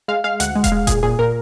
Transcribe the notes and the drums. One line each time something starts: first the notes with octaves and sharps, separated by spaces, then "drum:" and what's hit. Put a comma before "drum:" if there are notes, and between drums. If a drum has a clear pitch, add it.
G#3 F5
G#3 F5
D2 F#5, drum: hi-hat
G#3
F5, drum: kick E1, hi-hat
G#3
A#2 G#4, drum: kick E1, hi-hat
A#2 G#4
A#2 A#4